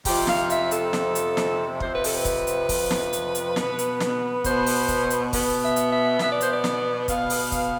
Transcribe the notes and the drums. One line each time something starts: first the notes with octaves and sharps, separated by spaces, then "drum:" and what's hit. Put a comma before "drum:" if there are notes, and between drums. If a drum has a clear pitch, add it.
F2 C3 F3 G4, drum: kick, open hi-hat
F5, drum: snare
E5, drum: hi-hat
A4, drum: hi-hat
F2 C3 F3, drum: snare
drum: hi-hat
drum: snare
F2 C3 F3 C5, drum: kick
B4
A4, drum: open hi-hat
B4
drum: kick, hi-hat
drum: hi-hat
F2 C3 F3, drum: kick, open hi-hat
drum: snare
drum: hi-hat
drum: hi-hat
B2 B3, drum: snare
drum: hi-hat
drum: snare
B2 B3 C5, drum: kick, hi-hat
drum: open hi-hat
drum: kick, hi-hat
drum: hi-hat
B2 B3, drum: kick, open hi-hat
E5
drum: hi-hat
E5
B2 B3 E5, drum: snare
D5
C5, drum: hi-hat
D5
drum: snare
B2 B3 F5, drum: kick, hi-hat
drum: open hi-hat
drum: kick, hi-hat